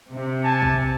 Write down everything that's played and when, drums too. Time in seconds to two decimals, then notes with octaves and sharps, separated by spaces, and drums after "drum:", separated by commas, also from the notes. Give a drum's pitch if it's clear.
0.12 C3
0.45 G#5 A5
0.62 drum: kick